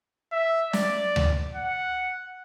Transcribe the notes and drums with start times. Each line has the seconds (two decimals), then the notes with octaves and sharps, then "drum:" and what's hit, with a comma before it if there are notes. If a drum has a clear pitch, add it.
0.32 E5
0.73 D5, drum: snare
1.16 drum: tom D2
1.55 F#5